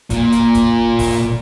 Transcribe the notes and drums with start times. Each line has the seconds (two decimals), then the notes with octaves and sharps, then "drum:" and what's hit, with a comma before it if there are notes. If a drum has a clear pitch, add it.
0.10 A#2, drum: kick, hi-hat
0.32 drum: hi-hat
0.54 drum: kick, hi-hat
0.99 drum: kick, open hi-hat